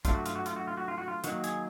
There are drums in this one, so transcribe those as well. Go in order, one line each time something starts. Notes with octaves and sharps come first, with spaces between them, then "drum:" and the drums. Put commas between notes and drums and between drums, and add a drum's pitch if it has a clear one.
F#3 A3 D4 F4, drum: kick, hi-hat
F#4
F4, drum: hi-hat
F#4
F4, drum: hi-hat
F#4
F4
F#4
F4
F#4
F4
D#3 F#3 A#3 F#4, drum: hi-hat
G#4, drum: hi-hat